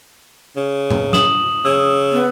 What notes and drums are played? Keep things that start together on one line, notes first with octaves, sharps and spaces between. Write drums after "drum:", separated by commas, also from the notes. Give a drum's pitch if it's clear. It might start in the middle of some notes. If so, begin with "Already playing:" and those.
C#3
drum: tom A2
D#6 E7 F#7, drum: snare
C#3 E6
B3